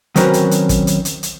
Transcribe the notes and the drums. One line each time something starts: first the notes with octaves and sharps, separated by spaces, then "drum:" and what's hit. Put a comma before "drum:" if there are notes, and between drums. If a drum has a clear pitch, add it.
D#3 F#3 C4 C#4 A#4 B4, drum: hi-hat
drum: hi-hat
drum: hi-hat
drum: kick, hi-hat
drum: hi-hat
drum: hi-hat
drum: hi-hat